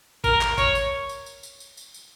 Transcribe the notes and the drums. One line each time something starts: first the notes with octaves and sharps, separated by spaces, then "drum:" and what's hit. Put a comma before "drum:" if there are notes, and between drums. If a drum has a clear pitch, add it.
A#4, drum: kick, tambourine
drum: clap
C#5, drum: kick, tambourine
drum: tambourine
drum: tambourine
drum: tambourine
drum: tambourine
drum: tambourine
drum: tambourine
drum: tambourine